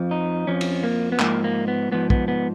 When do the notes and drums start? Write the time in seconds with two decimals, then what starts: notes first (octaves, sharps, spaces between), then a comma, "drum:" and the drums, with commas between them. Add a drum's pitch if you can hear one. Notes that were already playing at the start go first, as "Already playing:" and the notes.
Already playing: F2 F3
0.11 D#4
0.47 F2 F3 C#4
0.61 drum: cymbal
0.84 A#3
1.12 B3
1.19 G#2 F3 A#3, drum: clap
1.44 A#3
1.68 B3
1.92 G#2 F3 B3
2.10 B3, drum: kick
2.28 B3